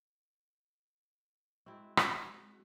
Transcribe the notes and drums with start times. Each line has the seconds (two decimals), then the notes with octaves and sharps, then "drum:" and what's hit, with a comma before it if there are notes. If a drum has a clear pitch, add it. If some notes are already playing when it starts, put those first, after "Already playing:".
1.66 G#3 C4 E4 F#4
1.97 drum: rim click